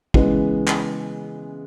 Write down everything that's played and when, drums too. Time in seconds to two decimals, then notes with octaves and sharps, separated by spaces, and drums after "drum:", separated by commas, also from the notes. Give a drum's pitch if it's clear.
0.14 C#3 E3 G#3 B3, drum: kick
0.68 drum: clap